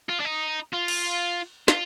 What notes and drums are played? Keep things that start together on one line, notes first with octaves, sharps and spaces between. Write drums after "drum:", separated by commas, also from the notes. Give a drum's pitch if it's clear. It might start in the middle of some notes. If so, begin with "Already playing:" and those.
F4
D4
D#4
F4
drum: cymbal
F4, drum: snare